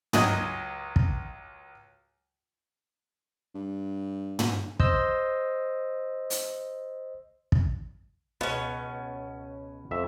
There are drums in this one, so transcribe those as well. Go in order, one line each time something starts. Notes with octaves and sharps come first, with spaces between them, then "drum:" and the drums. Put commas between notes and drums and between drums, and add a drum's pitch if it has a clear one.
C#2 F#3 A#3 D#5 G#5, drum: tom
drum: kick
G2
drum: tom
C5 D#5 E6, drum: kick
drum: hi-hat
drum: kick
C#2 B2 B3 C#4
F2 E5